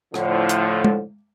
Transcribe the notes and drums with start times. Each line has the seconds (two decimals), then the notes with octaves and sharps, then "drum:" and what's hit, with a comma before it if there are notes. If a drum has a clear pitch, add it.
0.14 A2 D3 F3, drum: rim click
0.49 drum: hi-hat
0.84 drum: tom G#3